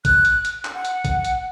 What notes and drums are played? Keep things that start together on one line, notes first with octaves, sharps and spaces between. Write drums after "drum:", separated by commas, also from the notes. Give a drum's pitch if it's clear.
F#6, drum: kick G#1, hi-hat
drum: hi-hat
drum: hi-hat
drum: clap
F#5
drum: hi-hat
drum: kick G#1, hi-hat
drum: hi-hat